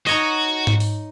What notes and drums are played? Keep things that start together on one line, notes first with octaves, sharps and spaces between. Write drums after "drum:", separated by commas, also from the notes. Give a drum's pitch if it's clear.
D#4 F#4 C#5 D#5
drum: tom G#2
drum: open hi-hat